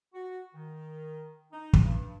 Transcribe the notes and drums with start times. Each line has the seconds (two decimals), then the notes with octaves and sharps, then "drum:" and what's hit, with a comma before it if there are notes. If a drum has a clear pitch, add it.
0.14 F#4
0.55 D#3
1.52 D#4
1.73 drum: kick
1.83 G2